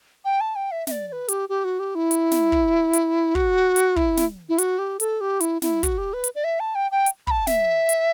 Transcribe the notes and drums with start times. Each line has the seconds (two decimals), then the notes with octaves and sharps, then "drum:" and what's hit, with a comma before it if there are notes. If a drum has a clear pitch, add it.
0.25 G5
0.41 A5
0.56 G5
0.71 E5
0.87 E5, drum: snare
0.91 D5
1.08 D5
1.12 B4
1.28 G4, drum: hi-hat
1.49 G4
1.64 F#4
1.79 G4
1.95 E4
2.11 drum: hi-hat
2.31 drum: snare
2.52 drum: kick
2.93 drum: hi-hat
3.35 F#4, drum: kick
3.76 drum: hi-hat
3.96 E4, drum: kick
4.17 drum: snare
4.49 E4
4.58 F#4, drum: hi-hat
4.79 G4
5.00 A4, drum: hi-hat
5.21 G4
5.41 E4, drum: hi-hat
5.62 E4, drum: snare
5.83 F#4, drum: kick, hi-hat
5.98 G4
6.13 B4
6.24 drum: hi-hat
6.35 D5
6.44 E5
6.60 A5
6.75 G5
6.91 G5
7.06 drum: hi-hat
7.27 B5, drum: kick
7.31 A5
7.47 E5, drum: snare
7.89 drum: hi-hat